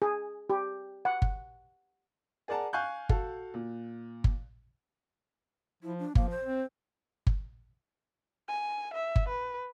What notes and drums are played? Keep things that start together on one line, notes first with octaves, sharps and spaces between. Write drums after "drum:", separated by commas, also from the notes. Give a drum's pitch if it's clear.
G#4
G4
F#5
drum: kick G1
G#4 A#4 D5 F#5 A5 A#5
F5 G#5 C#6 F#6 G6
F#4 A4 F5, drum: kick G1
A#2
drum: kick G1
F3 E4
D4
F3 A#3, drum: kick G1
C5
C4
drum: kick G1
G#5
E5
drum: kick G1
B4